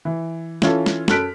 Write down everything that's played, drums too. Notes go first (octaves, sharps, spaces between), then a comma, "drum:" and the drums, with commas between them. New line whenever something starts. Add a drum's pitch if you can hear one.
E3
E3 C#4 F4 A4, drum: snare
drum: snare
F#2 A4 F6 F#6 B6 D7, drum: snare